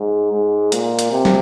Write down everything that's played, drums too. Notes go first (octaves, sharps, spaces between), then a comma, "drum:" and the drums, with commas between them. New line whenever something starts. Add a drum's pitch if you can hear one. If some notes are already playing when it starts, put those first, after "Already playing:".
Already playing: G#2
G#2
A#2, drum: hi-hat
drum: hi-hat
C3
drum: snare